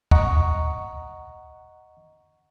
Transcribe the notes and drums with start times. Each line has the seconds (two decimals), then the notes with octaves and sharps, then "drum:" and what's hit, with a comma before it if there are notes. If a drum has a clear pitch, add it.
0.11 D#5 F#5 A#5 C#6, drum: kick